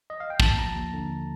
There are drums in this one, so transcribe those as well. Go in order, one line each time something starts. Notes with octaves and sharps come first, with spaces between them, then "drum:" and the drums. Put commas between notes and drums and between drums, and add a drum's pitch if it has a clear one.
D#5
F5
G5
D#2 A5, drum: kick
F3 A#5
D#2
D3